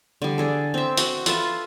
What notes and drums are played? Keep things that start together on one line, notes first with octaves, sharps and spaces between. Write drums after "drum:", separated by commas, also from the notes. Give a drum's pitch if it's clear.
D3 G3
D4 G#4 A4
C4 E5
F#4 F#5, drum: hi-hat
F4 A4 B4 E5, drum: hi-hat